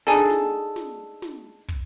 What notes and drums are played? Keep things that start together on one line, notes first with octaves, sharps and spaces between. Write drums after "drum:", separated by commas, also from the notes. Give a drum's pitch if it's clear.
D4 D#4 G#4 A4
drum: snare
drum: snare
drum: snare
drum: kick